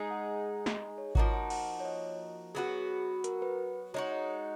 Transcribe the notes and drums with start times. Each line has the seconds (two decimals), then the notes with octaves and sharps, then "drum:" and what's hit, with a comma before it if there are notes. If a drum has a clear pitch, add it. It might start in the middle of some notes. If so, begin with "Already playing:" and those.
Already playing: G#3 D#4 G#4
0.10 F#5
0.66 drum: snare
0.98 C#5
1.15 F3 A#3 D#4 F#4 D#5, drum: kick G#1
1.33 F#5
1.50 F#5, drum: cymbal
1.80 C#5
1.85 D#5
2.55 F#3 B3 D#4 F#4 G#4
3.24 A#4, drum: hi-hat
3.42 B4
3.94 G#3 D#4 F#4 C#5
4.12 D#5